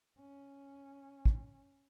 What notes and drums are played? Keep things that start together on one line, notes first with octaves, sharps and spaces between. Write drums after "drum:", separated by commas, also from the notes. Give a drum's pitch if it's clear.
C#4
drum: kick